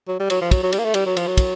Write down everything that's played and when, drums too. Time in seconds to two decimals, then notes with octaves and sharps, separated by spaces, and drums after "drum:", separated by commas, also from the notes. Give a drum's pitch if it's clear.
0.08 F#3
0.20 G3
0.30 F#3, drum: cymbal
0.41 F3
0.51 F#3, drum: kick, cymbal
0.63 F#3
0.72 G3, drum: cymbal
0.79 A#3
0.84 A3
0.94 G3, drum: cymbal
1.06 F#3
1.17 F3, drum: cymbal
1.27 F#3
1.37 drum: kick, cymbal